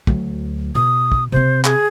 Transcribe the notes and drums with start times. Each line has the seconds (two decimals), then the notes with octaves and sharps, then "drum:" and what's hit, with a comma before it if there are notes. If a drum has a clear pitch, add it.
0.07 D2 F#3, drum: kick
0.75 B2 D#6
1.12 drum: kick
1.32 C3 C4 C5
1.65 G#4, drum: clap